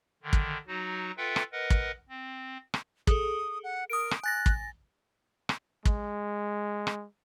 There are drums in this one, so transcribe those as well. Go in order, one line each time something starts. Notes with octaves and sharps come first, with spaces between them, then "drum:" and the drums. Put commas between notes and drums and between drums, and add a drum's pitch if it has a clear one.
D3 D#3
drum: kick
F#3 D#4 F#4
F4 A4 B4 E5 F#5 G5
drum: rim click
A#4 B4 D#5 F#5
drum: kick
C4
drum: rim click
G#4 A4 D#6, drum: kick
F#5
A#4 D#6 D7
drum: rim click
G#5 F#6 A6 A#6
drum: kick
drum: rim click
G#3, drum: kick
drum: rim click